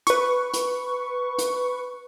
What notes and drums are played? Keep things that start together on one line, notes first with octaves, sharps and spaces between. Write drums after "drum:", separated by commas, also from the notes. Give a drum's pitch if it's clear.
B4 C#6, drum: hi-hat
drum: hi-hat
drum: hi-hat